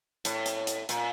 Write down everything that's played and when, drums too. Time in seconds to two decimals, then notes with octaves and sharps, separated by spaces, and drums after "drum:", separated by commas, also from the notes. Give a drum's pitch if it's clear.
0.25 A2, drum: hi-hat
0.46 drum: hi-hat
0.67 drum: hi-hat
0.89 A#2, drum: hi-hat